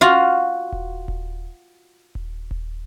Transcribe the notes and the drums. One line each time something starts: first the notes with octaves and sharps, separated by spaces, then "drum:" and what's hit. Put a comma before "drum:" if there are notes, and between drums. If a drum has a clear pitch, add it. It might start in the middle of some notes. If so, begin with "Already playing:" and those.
F4 F#4 F5
drum: kick D#1
drum: kick D#1
drum: kick D#1
drum: kick D#1